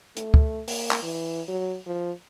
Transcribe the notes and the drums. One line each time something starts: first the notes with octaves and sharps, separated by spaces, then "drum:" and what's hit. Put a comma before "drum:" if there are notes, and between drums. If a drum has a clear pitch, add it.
A3, drum: hi-hat
drum: kick
A#3, drum: open hi-hat
drum: clap
E3
F#3
F3